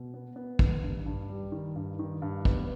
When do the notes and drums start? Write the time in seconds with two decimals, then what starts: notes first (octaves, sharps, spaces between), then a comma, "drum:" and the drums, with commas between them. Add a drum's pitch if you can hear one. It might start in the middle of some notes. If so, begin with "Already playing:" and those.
Already playing: B2
0.14 B3
0.36 B3
0.59 D#3, drum: kick
0.83 G2
1.06 G2
1.30 G3
1.52 D#3
1.76 G2
1.99 D#3
2.22 G2
2.45 B3, drum: kick